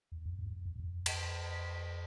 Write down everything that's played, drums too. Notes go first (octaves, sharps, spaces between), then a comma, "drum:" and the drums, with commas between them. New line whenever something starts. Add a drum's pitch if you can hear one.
E2
F2
G#2
E2
F2
E2
G#2
F2
F2, drum: cymbal